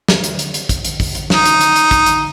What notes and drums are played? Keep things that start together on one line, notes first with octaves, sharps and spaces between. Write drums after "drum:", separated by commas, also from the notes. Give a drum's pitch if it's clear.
drum: snare
drum: hi-hat
drum: hi-hat
drum: hi-hat
drum: kick, hi-hat
drum: hi-hat
drum: kick, open hi-hat
drum: hi-hat
D#4, drum: snare
drum: hi-hat
drum: hi-hat
drum: hi-hat
drum: kick, hi-hat
drum: hi-hat